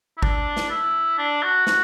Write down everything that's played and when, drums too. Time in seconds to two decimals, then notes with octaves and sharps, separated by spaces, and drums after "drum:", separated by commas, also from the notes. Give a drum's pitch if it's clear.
0.18 E4
0.23 D4, drum: kick G#1
0.57 drum: snare
0.70 E4
1.18 D4
1.43 F#4
1.67 F#4, drum: snare